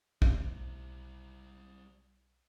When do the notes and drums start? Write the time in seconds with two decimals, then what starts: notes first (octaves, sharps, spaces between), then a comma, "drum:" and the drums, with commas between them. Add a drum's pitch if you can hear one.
0.22 B1 G3 A3 E4, drum: kick